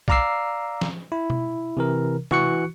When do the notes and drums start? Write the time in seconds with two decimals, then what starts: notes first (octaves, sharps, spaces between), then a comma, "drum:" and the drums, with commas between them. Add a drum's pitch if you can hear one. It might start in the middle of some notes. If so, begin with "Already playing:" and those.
0.08 D5 F5 A#5 D6 E6 C7, drum: kick A#1
0.81 drum: snare
1.12 E4
1.30 drum: tom B2
1.77 C3 E3 A#4
2.31 E3 F#4 C#6 F#6 C#7, drum: tom C3